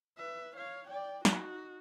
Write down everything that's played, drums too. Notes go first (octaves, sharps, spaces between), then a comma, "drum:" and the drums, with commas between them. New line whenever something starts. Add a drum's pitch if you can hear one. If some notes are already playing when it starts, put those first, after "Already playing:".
B4 E5
C#5 F5
D5 G5
D#4 F#4, drum: snare